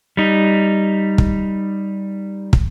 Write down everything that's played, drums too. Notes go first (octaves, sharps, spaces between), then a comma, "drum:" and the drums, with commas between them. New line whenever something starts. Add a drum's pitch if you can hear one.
G3 D#4
drum: kick
drum: kick